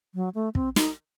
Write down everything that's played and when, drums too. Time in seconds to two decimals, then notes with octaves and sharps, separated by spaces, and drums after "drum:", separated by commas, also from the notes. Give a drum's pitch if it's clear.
0.15 F#3
0.35 A3
0.55 C4, drum: kick
0.76 D#4, drum: snare